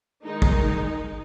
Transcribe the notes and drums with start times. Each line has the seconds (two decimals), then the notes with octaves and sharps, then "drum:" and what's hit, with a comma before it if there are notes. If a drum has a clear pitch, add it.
0.23 D#3 G#3 D#4
0.42 drum: kick